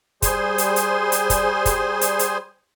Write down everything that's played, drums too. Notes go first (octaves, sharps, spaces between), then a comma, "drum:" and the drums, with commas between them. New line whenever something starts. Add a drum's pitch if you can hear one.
G3 G#4 C5 G#5 C6, drum: kick, hi-hat
drum: hi-hat
drum: hi-hat
drum: hi-hat
drum: kick, hi-hat
drum: kick, hi-hat
drum: hi-hat
drum: hi-hat